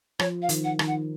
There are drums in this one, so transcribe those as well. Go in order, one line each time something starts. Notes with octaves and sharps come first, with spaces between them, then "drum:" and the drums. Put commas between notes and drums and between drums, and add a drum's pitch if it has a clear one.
F3 C#5, drum: rim click
F5
D#3, drum: hi-hat
F#5
D#3, drum: rim click
F#5